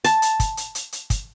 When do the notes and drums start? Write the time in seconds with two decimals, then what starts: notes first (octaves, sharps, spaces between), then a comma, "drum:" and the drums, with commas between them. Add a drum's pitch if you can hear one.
0.04 A5, drum: hi-hat
0.22 drum: hi-hat
0.40 drum: kick, hi-hat
0.57 drum: hi-hat
0.75 drum: hi-hat
0.92 drum: hi-hat
1.10 drum: kick, hi-hat